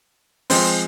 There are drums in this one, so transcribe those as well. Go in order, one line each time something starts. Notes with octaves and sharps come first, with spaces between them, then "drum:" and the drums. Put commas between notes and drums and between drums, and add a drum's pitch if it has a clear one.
F3 G#3 C4 C5, drum: open hi-hat